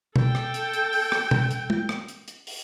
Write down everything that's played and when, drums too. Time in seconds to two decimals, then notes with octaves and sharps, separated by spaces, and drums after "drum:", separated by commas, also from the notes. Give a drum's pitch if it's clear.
0.16 A4 G5, drum: tom B2
0.35 drum: rim click
0.54 drum: hi-hat
0.73 drum: hi-hat
0.93 drum: open hi-hat
1.12 drum: rim click
1.31 drum: tom B2
1.51 drum: hi-hat
1.70 drum: tom G#3
1.89 drum: rim click
2.08 drum: hi-hat
2.28 drum: hi-hat
2.47 drum: open hi-hat